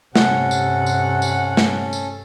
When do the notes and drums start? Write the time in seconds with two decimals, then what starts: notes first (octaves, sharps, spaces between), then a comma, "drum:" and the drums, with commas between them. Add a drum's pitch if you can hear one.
0.16 G2 C3 C#4 A4 F#5, drum: snare
0.51 drum: tambourine
0.86 drum: tambourine
1.22 drum: tambourine
1.57 drum: snare
1.93 drum: tambourine